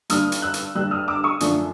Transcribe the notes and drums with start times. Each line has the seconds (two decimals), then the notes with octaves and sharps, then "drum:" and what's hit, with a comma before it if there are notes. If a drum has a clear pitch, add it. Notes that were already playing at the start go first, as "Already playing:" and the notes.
0.10 G2 D3 G3 D#6 F6, drum: hi-hat
0.32 drum: hi-hat
0.42 E6 F#6
0.54 drum: hi-hat
0.75 G2 D3 G3 E6 F#6
0.91 D#6 F6
1.08 D6 E6
1.24 C#6 D#6
1.40 F#2 D3 F3 A3 D4, drum: hi-hat